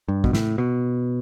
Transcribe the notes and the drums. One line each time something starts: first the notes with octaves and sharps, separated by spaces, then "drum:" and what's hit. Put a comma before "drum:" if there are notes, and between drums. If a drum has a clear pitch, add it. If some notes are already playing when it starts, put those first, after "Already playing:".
G2
B2, drum: kick
A2, drum: snare
B2